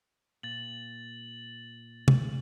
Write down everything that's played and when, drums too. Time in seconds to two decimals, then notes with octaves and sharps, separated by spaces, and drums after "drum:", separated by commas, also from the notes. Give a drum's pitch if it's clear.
0.43 A#2 A6 F#7
2.08 drum: tom